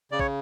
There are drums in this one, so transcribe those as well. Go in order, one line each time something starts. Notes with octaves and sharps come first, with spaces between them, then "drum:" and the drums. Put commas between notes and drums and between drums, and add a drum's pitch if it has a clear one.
C#3 D5
C#5, drum: kick